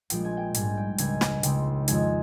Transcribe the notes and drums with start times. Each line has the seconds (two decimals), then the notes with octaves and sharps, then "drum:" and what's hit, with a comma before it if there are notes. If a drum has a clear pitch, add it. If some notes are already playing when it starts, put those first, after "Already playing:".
0.10 A#1 A#2 F3 G#3 G5, drum: hi-hat
0.25 G#5
0.37 G5
0.54 A#1 G#2 G3 G#5, drum: hi-hat
0.77 G5
0.98 C#2 C#3 G#3 C#4 G#5, drum: hi-hat
1.21 drum: snare
1.43 C#2 C#3 G#3 C4 D#4 G5, drum: hi-hat
1.88 F2 D#3 G#3 D#4 G#5, drum: hi-hat